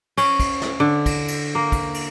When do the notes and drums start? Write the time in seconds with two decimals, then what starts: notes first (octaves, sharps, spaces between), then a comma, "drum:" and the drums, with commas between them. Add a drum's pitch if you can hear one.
0.17 C#4, drum: cymbal
0.40 drum: kick, cymbal
0.62 drum: snare
0.80 D3
1.06 drum: kick, cymbal
1.28 drum: cymbal
1.55 A#3
1.72 drum: kick, cymbal
1.94 drum: cymbal